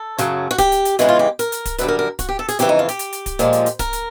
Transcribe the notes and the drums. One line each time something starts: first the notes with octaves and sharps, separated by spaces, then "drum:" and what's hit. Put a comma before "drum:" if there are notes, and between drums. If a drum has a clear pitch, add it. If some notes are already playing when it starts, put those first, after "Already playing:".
Already playing: A4
F#2 C#3 F#3, drum: hi-hat
F#4
G4, drum: kick D1, hi-hat
drum: hi-hat
drum: hi-hat
E2 C#3 E3 G#3 F#4, drum: hi-hat
F4
G4
A#4, drum: hi-hat
drum: hi-hat
drum: kick D1, hi-hat
F#2 D3 G3 B4, drum: hi-hat
A#4
A#4
F#4, drum: kick D1, hi-hat
G4
A4
G#4, drum: hi-hat
F2 C#3 E3 G4, drum: hi-hat
D#4
F4
G4, drum: hi-hat
drum: hi-hat
drum: hi-hat
drum: kick D1, hi-hat
A#2 F3 G#3, drum: hi-hat
drum: hi-hat
drum: hi-hat
A#4, drum: kick D1, hi-hat
drum: hi-hat